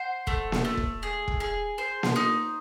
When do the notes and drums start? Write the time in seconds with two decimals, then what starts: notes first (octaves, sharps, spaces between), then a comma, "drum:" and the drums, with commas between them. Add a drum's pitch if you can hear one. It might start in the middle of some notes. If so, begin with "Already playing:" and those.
Already playing: C5 F#5
0.27 A3, drum: kick
0.52 drum: snare A#3
0.65 A3
0.77 drum: kick
1.03 G#4
1.28 drum: kick
1.40 G#4
1.78 C5
2.03 drum: snare A#3
2.16 D#4